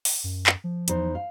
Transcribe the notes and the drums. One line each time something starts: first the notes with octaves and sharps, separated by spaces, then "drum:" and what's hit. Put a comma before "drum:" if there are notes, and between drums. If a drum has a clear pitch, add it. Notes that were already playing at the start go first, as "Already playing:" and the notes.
drum: open hi-hat
F#2
drum: clap
F3
E2 D#4 C5, drum: hi-hat
F5